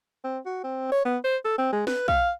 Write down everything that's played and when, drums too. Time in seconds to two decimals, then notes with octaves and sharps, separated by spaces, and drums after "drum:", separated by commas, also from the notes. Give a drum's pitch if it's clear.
0.24 C4
0.46 F#4
0.64 C4
0.92 C#5
1.05 B3
1.24 C5
1.45 A4
1.58 C4
1.72 G#3
1.87 B4, drum: snare
2.08 F5, drum: kick